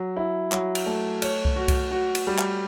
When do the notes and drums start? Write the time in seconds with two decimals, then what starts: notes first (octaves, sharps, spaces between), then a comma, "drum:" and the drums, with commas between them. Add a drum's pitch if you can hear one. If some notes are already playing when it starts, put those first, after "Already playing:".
Already playing: F#3
0.17 E4
0.52 F#3, drum: clap
0.75 drum: cymbal
0.86 A3
1.22 C#5, drum: cymbal
1.45 drum: kick C2
1.56 F#4
1.68 drum: kick C2, cymbal
1.91 F#4
2.15 drum: cymbal
2.27 G3
2.38 drum: clap